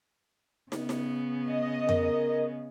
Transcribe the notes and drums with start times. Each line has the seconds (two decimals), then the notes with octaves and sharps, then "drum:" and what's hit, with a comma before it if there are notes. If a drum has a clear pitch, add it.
0.72 C#3 B3, drum: snare
0.89 drum: snare
1.49 D#5
1.89 A#4, drum: tom F2